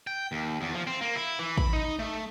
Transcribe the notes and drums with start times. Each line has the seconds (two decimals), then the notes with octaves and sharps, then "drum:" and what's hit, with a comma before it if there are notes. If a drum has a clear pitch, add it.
0.07 G5
0.32 D#2
0.61 E2
0.74 F3
0.87 C4
1.01 A#3
1.16 E4
1.39 E3
1.58 B5, drum: kick
1.73 D#4
1.99 A3